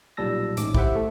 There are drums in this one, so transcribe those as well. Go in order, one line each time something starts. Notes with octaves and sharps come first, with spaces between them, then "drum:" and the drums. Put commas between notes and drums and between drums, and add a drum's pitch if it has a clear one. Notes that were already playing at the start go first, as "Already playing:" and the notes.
B1 A#2 G3 A5 E6 A#6
A1 G#2 D6, drum: hi-hat
E4 G4 C5 E5 F#5, drum: kick A#1
A3 A4